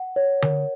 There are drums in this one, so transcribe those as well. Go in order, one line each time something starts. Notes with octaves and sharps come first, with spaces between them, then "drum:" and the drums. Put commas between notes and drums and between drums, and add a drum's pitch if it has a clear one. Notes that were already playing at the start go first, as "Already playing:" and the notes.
Already playing: F#5
C#5
A#4, drum: tom D3